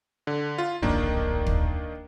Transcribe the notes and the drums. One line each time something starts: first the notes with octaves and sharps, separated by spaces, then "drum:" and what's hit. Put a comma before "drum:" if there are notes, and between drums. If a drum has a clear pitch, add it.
D3
F4
D1 A#1 F2 D#3 A#3 D4
drum: kick